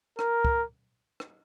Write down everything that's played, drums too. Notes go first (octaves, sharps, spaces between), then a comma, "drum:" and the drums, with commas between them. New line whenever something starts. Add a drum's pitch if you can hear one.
A#4, drum: rim click
drum: kick
drum: rim click